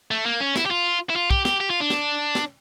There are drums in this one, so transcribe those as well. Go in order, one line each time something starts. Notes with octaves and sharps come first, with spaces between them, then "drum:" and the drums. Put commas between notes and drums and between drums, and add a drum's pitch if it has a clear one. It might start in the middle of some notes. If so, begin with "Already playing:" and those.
A3
A#3
C#4
E4, drum: snare
G4
F4
E4
F4
G4, drum: kick
G4, drum: snare
G4
F4
D4
drum: snare
drum: snare